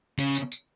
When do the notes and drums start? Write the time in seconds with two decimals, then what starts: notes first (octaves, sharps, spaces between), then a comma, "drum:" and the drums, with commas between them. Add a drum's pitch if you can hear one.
0.19 C#3, drum: tambourine
0.35 drum: tambourine
0.52 drum: tambourine